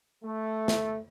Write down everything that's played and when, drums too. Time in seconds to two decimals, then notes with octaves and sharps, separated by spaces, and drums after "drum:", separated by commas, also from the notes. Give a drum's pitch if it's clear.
0.24 A3
0.68 drum: snare